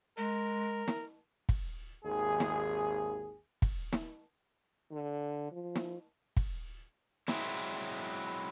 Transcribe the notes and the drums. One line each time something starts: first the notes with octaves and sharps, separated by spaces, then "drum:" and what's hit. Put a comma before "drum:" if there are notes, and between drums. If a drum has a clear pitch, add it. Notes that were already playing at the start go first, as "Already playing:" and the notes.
G#3 A#4
drum: snare
drum: kick
G#1 D#2 G#4
drum: snare
drum: kick
drum: snare
D3
F3
drum: snare
drum: kick
F#3 G#3 C4 E4, drum: snare